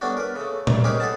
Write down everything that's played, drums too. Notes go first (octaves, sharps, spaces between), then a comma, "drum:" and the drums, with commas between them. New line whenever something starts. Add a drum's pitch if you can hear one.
G3 A3 B3 C#4 D4 F#4
A#4 B4
C#3 A3
G2 C3, drum: tom A#2
C#4 D#4 G4 G#4 A#4 B4
G#4 A4 B4 F#5 A5